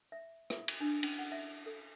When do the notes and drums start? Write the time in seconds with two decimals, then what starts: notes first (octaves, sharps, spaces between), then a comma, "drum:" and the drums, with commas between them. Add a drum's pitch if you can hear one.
0.12 E5
0.50 E5, drum: rim click
0.68 drum: cymbal
0.80 D4
1.03 C#4, drum: cymbal
1.19 F#5
1.32 E5
1.66 A4